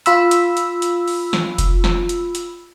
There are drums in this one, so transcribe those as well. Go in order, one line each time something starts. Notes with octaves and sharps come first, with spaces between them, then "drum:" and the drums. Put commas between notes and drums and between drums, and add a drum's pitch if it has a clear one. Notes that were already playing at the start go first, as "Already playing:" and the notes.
F4 B5 E6, drum: hi-hat
drum: hi-hat
drum: hi-hat
drum: hi-hat
drum: open hi-hat
drum: snare
drum: kick F1, hi-hat
drum: snare
drum: hi-hat
drum: hi-hat